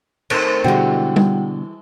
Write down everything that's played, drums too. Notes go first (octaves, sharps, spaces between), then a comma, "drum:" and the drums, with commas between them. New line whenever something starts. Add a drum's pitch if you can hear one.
D#3 A3 C4, drum: cymbal
B2 D3 E3 G3 G#3 F#4 F#5 G5
drum: tom G3